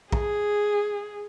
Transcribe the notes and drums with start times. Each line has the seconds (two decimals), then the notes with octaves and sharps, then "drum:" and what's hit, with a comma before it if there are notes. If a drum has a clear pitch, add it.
0.12 G#4, drum: kick A#1